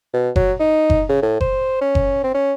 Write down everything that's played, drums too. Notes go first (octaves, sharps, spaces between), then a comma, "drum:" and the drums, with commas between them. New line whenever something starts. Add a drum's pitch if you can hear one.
B2
F#3, drum: kick F#1
D#4
drum: kick F#1
C#3
A2
C5, drum: kick F#1
C#4
drum: kick F#1
C4
C#4